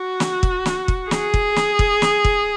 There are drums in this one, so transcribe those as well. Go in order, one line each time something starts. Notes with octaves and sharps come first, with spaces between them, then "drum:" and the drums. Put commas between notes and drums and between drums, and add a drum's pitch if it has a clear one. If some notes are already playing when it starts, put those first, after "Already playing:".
Already playing: F#4
drum: snare
drum: kick
drum: snare
drum: kick
G#4, drum: snare
drum: kick
drum: snare
drum: kick
drum: snare
drum: kick